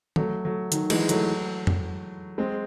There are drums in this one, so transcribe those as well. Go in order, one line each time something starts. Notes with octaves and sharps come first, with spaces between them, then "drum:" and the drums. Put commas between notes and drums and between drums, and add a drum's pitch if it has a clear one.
F#3 A3, drum: tom D#3
F#3 A3
D#3 F#3, drum: hi-hat
E3 G#3, drum: cymbal
F#3 A3, drum: hi-hat
drum: tom F2
G#3 C4